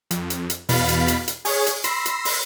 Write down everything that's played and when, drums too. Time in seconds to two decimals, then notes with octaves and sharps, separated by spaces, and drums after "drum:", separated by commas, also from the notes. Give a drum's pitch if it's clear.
0.11 F2, drum: hi-hat
0.30 drum: hi-hat
0.50 drum: hi-hat
0.69 E2 B2 F5 B5 A6 B6, drum: open hi-hat
0.89 drum: hi-hat
1.08 drum: hi-hat
1.28 drum: hi-hat
1.45 G#4 C#5, drum: open hi-hat
1.67 drum: hi-hat
1.84 B5 C6 E6 A#6 C7, drum: hi-hat
2.06 drum: hi-hat
2.25 drum: open hi-hat